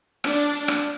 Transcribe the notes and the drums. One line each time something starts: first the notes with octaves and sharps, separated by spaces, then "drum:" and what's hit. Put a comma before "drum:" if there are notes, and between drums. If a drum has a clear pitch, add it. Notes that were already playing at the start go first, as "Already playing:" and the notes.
D4, drum: rim click
drum: hi-hat
drum: rim click